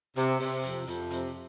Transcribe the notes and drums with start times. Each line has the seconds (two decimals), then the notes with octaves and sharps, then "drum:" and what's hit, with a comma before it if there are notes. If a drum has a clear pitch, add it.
0.16 C3, drum: hi-hat
0.40 C3, drum: open hi-hat
0.63 F2, drum: hi-hat
0.87 F2, drum: hi-hat
1.10 C3, drum: hi-hat